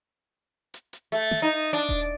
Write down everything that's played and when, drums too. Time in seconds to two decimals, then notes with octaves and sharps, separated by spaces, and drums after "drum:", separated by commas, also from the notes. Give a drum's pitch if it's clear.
0.74 drum: hi-hat
0.93 drum: hi-hat
1.12 A3, drum: open hi-hat
1.31 drum: snare
1.42 D#4
1.73 D4
1.89 drum: kick D#1, hi-hat